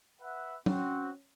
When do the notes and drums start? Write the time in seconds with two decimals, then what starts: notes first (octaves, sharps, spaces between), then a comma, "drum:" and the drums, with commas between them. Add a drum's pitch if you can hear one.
0.22 B4 E5 F#5
0.66 C4 C#4 F#4, drum: tom